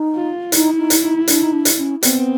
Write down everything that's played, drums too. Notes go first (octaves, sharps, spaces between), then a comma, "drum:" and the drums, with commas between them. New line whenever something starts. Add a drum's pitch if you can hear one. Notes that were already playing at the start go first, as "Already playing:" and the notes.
Already playing: D#4
F4
D#4 E4, drum: hi-hat
D#4
drum: hi-hat
D#4
D4, drum: hi-hat
D#4
D4
drum: hi-hat
C#4
B3 C4, drum: hi-hat